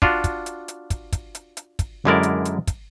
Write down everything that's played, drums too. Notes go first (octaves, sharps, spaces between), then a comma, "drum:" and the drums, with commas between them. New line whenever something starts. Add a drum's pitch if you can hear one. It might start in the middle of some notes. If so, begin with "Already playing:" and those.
D4 F4 F#4, drum: kick
drum: kick, hi-hat
drum: hi-hat
drum: hi-hat
drum: kick, hi-hat
drum: kick, hi-hat
drum: hi-hat
drum: hi-hat
drum: kick, hi-hat
F#2 D3 G#3 E4 A#4 D5
drum: hi-hat
drum: hi-hat
drum: kick, hi-hat